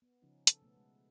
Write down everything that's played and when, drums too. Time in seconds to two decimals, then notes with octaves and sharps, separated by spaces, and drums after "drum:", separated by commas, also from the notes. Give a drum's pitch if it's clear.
0.02 B3
0.22 C#3 F3 C#4 D#4
0.47 A4, drum: hi-hat
0.62 B2 A3 B3
0.77 G#3